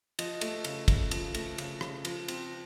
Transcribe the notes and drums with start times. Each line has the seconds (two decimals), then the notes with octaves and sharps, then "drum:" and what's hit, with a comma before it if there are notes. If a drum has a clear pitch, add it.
0.19 F3 D#5, drum: cymbal
0.41 A3, drum: cymbal
0.64 C#3, drum: cymbal
0.88 C#3, drum: kick, cymbal
1.11 F3, drum: cymbal
1.35 A3, drum: cymbal
1.58 C#3, drum: cymbal
1.81 C#3, drum: rim click
2.05 F3, drum: cymbal
2.28 C4, drum: cymbal